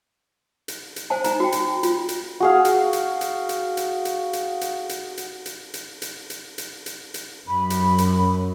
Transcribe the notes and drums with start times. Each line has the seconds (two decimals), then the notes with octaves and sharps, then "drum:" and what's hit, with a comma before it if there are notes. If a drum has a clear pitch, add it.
0.68 drum: hi-hat
0.96 drum: hi-hat
1.10 C5 F#5 G#5 A5
1.24 D#4 A#5, drum: hi-hat
1.40 F#4 G5
1.52 drum: hi-hat
1.83 F4, drum: hi-hat
2.09 drum: hi-hat
2.40 F#4 G#4 F5
2.65 drum: hi-hat
2.93 drum: hi-hat
3.21 drum: hi-hat
3.49 drum: hi-hat
3.77 drum: hi-hat
4.05 drum: hi-hat
4.33 drum: hi-hat
4.61 drum: hi-hat
4.89 drum: hi-hat
5.17 drum: hi-hat
5.46 drum: hi-hat
5.74 drum: hi-hat
6.02 drum: hi-hat
6.30 drum: hi-hat
6.58 drum: hi-hat
6.86 drum: hi-hat
7.14 drum: hi-hat
7.48 F#2 B5
7.70 drum: hi-hat
7.98 drum: hi-hat